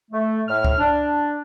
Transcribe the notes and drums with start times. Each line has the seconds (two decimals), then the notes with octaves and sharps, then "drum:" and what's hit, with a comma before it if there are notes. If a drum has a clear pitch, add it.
0.11 A3
0.47 A2 F6
0.65 drum: kick C#2
0.78 D4